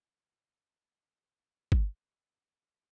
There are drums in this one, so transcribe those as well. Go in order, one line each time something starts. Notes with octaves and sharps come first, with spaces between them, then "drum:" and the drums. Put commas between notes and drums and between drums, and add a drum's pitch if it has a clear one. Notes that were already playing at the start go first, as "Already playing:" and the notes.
E5
D#4 E4 A4
drum: kick
G#4 C#5 E6